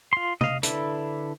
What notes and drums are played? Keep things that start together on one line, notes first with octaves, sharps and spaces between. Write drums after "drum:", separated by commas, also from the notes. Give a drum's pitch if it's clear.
F4 C6
D#5 F5, drum: tom C3
D3 D4 E4 A4 B4, drum: hi-hat